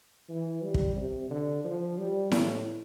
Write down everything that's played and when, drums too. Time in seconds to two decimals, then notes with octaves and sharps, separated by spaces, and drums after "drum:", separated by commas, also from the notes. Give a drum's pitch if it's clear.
0.29 E3
0.62 G3
0.74 drum: kick
0.96 C3
1.30 D3
1.64 F3
1.98 G3
2.32 A2, drum: snare E4